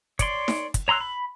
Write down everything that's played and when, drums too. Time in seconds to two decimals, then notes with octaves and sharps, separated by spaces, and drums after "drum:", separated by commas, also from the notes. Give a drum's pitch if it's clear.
0.19 C#5 D5 C6, drum: kick, hi-hat
0.48 drum: snare D#4
0.74 drum: kick, hi-hat
0.88 C#5 A#5 C6 E6 F#6
1.00 B5